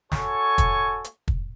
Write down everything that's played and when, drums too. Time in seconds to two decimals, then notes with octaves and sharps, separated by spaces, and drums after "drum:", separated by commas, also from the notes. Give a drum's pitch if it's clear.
0.12 F#4 A4 C#5 G#5 C#6, drum: snare
0.58 drum: kick, hi-hat
1.04 drum: hi-hat
1.28 drum: kick